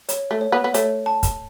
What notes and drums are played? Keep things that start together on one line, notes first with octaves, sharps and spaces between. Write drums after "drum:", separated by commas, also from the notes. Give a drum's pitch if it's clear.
C#5, drum: hi-hat
A3
C#5
B3
B3
A3 C#5, drum: hi-hat
A5
drum: kick, hi-hat